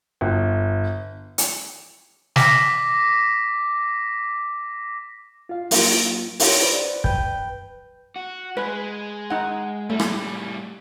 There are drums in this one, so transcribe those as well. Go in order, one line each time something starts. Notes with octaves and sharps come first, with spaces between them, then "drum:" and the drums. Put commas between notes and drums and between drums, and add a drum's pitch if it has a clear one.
G1
drum: hi-hat
D6 A#6 B6, drum: snare
F4 F5
F#3 A#3 F4, drum: open hi-hat
G4 C#5, drum: open hi-hat
B4 C5 D5
F#2 B4 G5 G6, drum: kick
F#4
G#3 G#4 B4
D#4 F#5
A2 G3 A3
drum: rim click